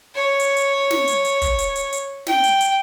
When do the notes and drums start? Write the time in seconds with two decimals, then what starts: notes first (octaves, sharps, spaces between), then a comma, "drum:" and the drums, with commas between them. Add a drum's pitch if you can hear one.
0.14 C#5
0.40 drum: hi-hat
0.57 drum: hi-hat
0.91 drum: snare
1.08 drum: hi-hat
1.25 drum: hi-hat
1.42 drum: kick, hi-hat
1.59 drum: hi-hat
1.76 drum: hi-hat
1.93 drum: hi-hat
2.27 G5, drum: snare
2.44 drum: hi-hat
2.61 drum: hi-hat